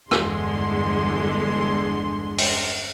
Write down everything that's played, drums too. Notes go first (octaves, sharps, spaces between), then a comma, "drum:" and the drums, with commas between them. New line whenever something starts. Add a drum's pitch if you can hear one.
G1 E2 D3 G#3 C6, drum: rim click
drum: open hi-hat